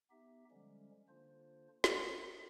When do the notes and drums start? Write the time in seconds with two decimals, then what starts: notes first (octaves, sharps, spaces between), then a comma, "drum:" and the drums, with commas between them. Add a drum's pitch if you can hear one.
0.10 B3 D#4 G4 E5
0.51 D3 F3 G3 G#3 C#4
1.09 D3 A#3 D4 F4 C5
1.84 C4 D4, drum: snare